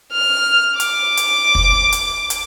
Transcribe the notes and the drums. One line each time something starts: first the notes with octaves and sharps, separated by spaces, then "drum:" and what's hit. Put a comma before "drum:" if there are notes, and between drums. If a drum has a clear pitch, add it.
F6
D6, drum: hi-hat
drum: hi-hat
drum: kick
drum: hi-hat
drum: hi-hat